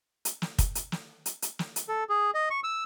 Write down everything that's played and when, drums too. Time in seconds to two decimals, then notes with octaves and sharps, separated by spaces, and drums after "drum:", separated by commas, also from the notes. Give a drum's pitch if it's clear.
0.25 drum: hi-hat
0.42 drum: snare
0.59 drum: kick, hi-hat
0.75 drum: hi-hat
0.92 drum: snare
1.26 drum: hi-hat
1.42 drum: hi-hat
1.59 drum: snare
1.76 drum: hi-hat
1.89 A4
2.09 G#4
2.35 D#5
2.50 C#6
2.64 E6